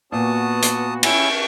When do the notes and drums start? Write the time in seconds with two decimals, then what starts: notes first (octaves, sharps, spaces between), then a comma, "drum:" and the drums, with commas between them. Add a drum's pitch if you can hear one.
0.12 A#2 B3 F#4 A5 D#6
0.62 drum: hi-hat
1.03 C#4 E4 G5 C#6, drum: cymbal